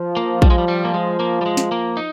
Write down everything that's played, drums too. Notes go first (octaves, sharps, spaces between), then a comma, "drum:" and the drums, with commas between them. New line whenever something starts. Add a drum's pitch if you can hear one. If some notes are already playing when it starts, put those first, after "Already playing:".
Already playing: F3
A#3
G3, drum: kick A#1
G#3
G3
G3
A#3
G#3
A#3
G3
G#3
drum: snare
A#3
D#4